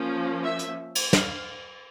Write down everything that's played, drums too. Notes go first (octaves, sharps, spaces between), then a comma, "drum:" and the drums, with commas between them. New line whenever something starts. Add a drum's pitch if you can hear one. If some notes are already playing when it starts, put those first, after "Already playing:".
Already playing: F3 A#3 C#4
E5
drum: hi-hat
drum: cymbal
F5, drum: snare